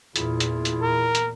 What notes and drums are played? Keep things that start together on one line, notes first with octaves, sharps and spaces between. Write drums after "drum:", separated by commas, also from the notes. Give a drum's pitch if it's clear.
E2 A#2 E4 F4 G#4, drum: hi-hat
drum: hi-hat
drum: hi-hat
A#4
drum: hi-hat